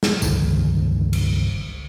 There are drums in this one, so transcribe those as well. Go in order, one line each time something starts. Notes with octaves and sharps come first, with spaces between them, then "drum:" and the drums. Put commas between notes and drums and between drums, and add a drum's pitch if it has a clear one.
drum: snare
G1 C#2 D#3 F3, drum: tambourine
drum: cymbal